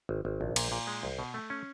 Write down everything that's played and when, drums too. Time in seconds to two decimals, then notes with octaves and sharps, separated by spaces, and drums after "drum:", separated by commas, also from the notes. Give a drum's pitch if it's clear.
0.09 G#1
0.25 G#1
0.41 A#1
0.56 A#2, drum: cymbal
0.72 A#2
0.87 G#3
1.03 C2
1.19 B2
1.34 A3
1.50 C#4